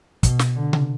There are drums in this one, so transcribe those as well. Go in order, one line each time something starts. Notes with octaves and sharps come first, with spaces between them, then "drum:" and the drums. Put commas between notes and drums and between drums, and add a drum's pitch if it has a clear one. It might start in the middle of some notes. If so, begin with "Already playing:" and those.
B2, drum: kick, hi-hat
drum: snare
D3
drum: tom C3